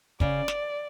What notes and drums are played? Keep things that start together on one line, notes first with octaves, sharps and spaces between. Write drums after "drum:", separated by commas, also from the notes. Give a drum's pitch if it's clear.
C#3 D5, drum: kick
drum: snare